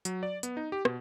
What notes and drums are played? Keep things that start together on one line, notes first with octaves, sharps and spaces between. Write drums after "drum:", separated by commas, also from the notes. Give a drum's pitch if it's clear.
F#3, drum: hi-hat
D5
B3, drum: hi-hat
D#4
G4
B2, drum: rim click